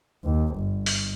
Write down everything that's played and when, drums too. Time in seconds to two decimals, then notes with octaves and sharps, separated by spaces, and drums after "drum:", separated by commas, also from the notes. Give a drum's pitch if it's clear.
0.24 D#2
0.56 G1
0.86 drum: open hi-hat